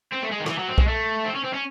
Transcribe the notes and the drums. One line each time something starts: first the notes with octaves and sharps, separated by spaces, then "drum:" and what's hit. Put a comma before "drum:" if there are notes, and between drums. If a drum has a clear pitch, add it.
C4
A3
G#3
D#3
F#3, drum: rim click
E3
F#3
C4
G#3, drum: kick B1
A3
C4
C#4
C4
C#4